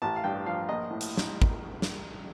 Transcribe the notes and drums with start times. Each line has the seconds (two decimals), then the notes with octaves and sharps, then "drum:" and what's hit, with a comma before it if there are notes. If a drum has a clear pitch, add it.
0.02 A1 A5
0.16 F5
0.24 G2 G5
0.46 F3 F5
0.69 A#1 D#5
0.90 A2
1.01 drum: hi-hat
1.17 drum: snare
1.42 drum: kick
1.82 drum: snare